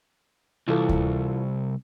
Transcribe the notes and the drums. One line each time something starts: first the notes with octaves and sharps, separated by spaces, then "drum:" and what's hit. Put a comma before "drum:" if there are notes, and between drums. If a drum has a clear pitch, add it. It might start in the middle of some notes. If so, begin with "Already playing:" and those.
C2 E3 F4 A4
drum: kick D2